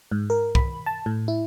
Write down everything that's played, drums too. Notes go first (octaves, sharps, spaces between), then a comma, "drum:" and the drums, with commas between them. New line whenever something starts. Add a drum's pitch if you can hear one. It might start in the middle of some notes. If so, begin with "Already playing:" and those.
G#2
A#4
B5, drum: kick
A5
A2
E4